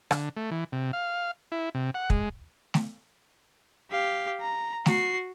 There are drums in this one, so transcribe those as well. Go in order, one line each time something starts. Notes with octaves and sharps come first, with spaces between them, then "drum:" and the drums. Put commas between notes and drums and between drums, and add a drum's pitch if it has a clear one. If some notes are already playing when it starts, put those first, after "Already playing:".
D3, drum: rim click
A3
E3
C3
F5
E4
C3
F#5
G#3, drum: kick
drum: snare A3
G4 F5
A#5
F#4 C7, drum: snare A3